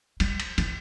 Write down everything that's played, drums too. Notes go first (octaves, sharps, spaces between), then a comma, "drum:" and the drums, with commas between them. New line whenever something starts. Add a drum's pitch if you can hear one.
G3, drum: cymbal
drum: cymbal
E3, drum: cymbal